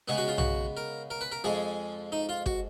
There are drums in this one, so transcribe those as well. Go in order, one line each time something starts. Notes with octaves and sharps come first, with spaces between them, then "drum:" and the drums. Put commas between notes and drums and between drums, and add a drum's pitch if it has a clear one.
C#3 G#3 B3 G#4
F#4
F4
F#4, drum: tom
A#4
A#4
B4
A#4
F2 F3 G#3 G#4
D#4
F4
F#4, drum: kick